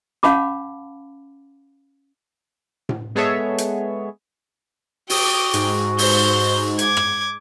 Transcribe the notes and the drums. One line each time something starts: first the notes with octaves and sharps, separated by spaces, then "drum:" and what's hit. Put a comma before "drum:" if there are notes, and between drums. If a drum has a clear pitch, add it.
C#4 F5 F#5 A5 B5 D6, drum: snare
drum: tom A2
G#3 B3 G#4 A4 C#5 E5
drum: hi-hat
F#4 G5 D6 D#6, drum: open hi-hat
G#2, drum: hi-hat
C5 G6, drum: open hi-hat
D6 G#6, drum: hi-hat
drum: rim click